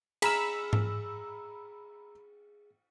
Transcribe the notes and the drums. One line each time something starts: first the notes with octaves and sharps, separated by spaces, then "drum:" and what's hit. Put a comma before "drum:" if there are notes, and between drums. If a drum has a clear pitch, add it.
G#4 A#5 B5 E6 F6, drum: cymbal
drum: tom G#2